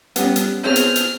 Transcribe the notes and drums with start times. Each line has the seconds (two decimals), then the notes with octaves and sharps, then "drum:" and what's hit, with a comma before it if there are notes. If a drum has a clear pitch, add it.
0.16 G3 B3 C#4 G4 F#5, drum: hi-hat
0.36 drum: hi-hat
0.64 B3 C4 G#4 C#5 F6 G6
0.76 drum: hi-hat
0.96 drum: hi-hat